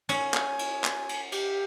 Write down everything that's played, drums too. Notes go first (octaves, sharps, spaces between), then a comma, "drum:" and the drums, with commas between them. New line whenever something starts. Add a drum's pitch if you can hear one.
C#4 G#5, drum: cymbal
drum: clap
drum: cymbal
drum: clap
drum: cymbal
G4, drum: cymbal